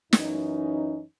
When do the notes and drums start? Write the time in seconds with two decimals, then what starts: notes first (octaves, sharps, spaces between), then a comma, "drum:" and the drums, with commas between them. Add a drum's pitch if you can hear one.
0.13 F#2 E3 C#4 D#4, drum: snare